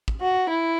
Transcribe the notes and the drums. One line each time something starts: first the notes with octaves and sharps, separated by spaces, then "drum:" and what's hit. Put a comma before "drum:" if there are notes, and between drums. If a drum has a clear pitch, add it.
drum: kick
F#4
E4